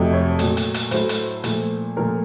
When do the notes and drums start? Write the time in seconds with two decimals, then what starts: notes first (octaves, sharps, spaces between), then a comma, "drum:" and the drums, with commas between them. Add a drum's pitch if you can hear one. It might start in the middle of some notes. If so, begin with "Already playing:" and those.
Already playing: F2 C3 F#3 A3
0.13 C#5
0.39 A#2 F#3 A3, drum: hi-hat
0.57 drum: hi-hat
0.74 drum: hi-hat
0.91 A2 F#3 A3 C5, drum: hi-hat
1.09 drum: hi-hat
1.44 A#2 F3 A3, drum: hi-hat
1.97 A#2 F3 A3 A#4